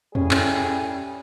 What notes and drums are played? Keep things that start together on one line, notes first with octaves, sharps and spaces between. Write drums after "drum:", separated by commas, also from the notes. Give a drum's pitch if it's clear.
A2 G3 C#4 G#4, drum: tom E2
drum: clap